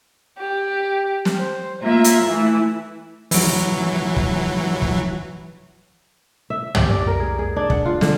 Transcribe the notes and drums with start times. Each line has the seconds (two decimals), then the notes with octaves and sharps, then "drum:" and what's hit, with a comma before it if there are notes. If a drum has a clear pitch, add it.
0.38 G4
1.25 drum: snare
1.39 C5
1.83 A#3 F4 E5
2.04 drum: hi-hat
2.23 E3 A3
3.31 E3 F#3, drum: open hi-hat
4.16 drum: kick
4.82 drum: kick
6.50 E5
6.75 G4, drum: tom
6.90 D5
7.07 A#4
7.20 G#4
7.39 G#4
7.56 D4
7.70 F#5, drum: kick
7.86 F4
8.01 D3, drum: snare